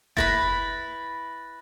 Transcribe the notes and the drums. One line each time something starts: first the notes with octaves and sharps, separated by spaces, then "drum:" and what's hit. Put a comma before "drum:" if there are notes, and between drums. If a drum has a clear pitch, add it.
E4 B4 B5 A6 A#6, drum: kick F#1